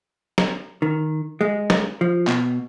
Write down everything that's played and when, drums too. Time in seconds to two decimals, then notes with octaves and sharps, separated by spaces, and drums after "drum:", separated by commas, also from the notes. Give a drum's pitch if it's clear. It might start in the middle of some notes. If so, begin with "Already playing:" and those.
0.38 drum: snare
0.82 D#3
1.41 G#3
1.70 drum: snare
2.01 F3
2.27 B2, drum: clap